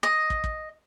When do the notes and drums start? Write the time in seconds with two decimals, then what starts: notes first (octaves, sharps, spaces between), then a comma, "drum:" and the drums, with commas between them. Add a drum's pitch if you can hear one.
0.03 D#5
0.30 drum: kick
0.44 drum: kick